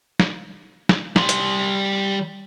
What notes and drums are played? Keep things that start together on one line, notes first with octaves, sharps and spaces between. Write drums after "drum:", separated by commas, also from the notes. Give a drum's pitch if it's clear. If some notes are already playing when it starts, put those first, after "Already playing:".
drum: snare
drum: snare
G3 C6, drum: snare
drum: hi-hat